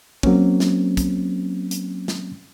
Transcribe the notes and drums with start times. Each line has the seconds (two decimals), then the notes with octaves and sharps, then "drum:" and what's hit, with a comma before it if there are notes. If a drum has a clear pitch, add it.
0.23 F#3 A#3 C4 C#4, drum: kick
0.60 drum: snare
0.97 drum: kick, hi-hat
1.71 drum: hi-hat
2.08 drum: snare